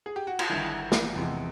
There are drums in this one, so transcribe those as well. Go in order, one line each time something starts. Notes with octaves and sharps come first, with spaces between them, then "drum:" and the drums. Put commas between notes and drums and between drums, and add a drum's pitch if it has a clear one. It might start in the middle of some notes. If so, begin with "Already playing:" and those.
G#4
G4
F#4
F4, drum: cymbal
G1 G2 D#3 E4
drum: snare
E2 C3 F3 G#3